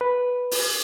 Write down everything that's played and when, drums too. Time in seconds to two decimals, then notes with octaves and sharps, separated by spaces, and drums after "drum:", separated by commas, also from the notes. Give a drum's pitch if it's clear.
0.01 B4
0.51 drum: open hi-hat